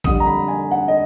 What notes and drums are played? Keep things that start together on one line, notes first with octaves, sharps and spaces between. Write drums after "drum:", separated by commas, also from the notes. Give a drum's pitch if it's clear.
F2 D3 G3 D#6, drum: kick
A#5
B5
G#5
F#5
D#5